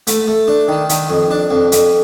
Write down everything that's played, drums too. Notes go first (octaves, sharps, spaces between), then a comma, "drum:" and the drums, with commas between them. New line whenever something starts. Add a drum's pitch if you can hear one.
A3, drum: hi-hat
A3
D4
D#3
D#3, drum: hi-hat
F2
D4
F2
F2, drum: hi-hat